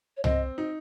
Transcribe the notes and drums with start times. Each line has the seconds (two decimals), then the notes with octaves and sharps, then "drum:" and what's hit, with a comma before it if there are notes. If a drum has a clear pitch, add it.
0.17 C#5
0.24 C4 D#5, drum: tom C2
0.58 D#4